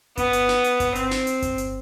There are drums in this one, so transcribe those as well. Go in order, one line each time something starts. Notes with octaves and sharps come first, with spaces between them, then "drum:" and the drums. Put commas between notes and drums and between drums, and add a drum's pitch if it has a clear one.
B3, drum: kick G1, hi-hat
drum: hi-hat
drum: snare
drum: hi-hat
drum: kick G1, hi-hat
C4, drum: hi-hat
drum: snare
drum: hi-hat
drum: kick G1, hi-hat
drum: hi-hat